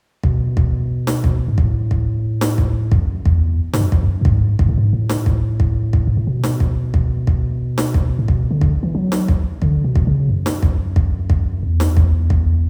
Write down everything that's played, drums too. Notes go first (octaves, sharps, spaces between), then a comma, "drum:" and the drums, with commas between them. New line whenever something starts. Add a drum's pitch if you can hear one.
B2, drum: kick
drum: kick
drum: snare
drum: kick
G#2
A2, drum: kick
drum: kick
drum: snare
drum: kick
F#2, drum: kick
E2, drum: kick
G#2, drum: snare
F#2
drum: kick
F#2
A2
G#2, drum: kick
G#2, drum: kick
A2
G#2
A2
drum: snare
drum: kick
drum: kick
drum: kick
G#2
A2
B2
drum: snare
drum: kick
drum: kick
drum: kick
drum: snare
drum: kick
A2
B2, drum: kick
D3
drum: kick
E3
F#3
drum: snare
drum: kick
D3, drum: kick
B2
drum: kick
C#3
F#2
drum: snare
drum: kick
drum: kick
drum: kick
E2
drum: snare
drum: kick
drum: kick